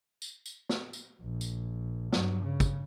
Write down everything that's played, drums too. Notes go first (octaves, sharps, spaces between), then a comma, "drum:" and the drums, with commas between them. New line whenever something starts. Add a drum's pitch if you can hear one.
drum: tambourine
drum: tambourine
drum: snare
drum: tambourine
A#1
drum: tambourine
G2 F#3, drum: snare
C#3
drum: kick, tambourine